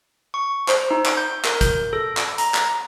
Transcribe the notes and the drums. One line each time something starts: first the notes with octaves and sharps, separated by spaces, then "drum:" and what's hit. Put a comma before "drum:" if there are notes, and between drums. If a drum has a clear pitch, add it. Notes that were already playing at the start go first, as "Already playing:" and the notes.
C#6
C5, drum: clap
D#4
drum: clap
G6
A#4, drum: clap
G6, drum: kick, hi-hat
A4
drum: clap
A#5, drum: hi-hat
drum: clap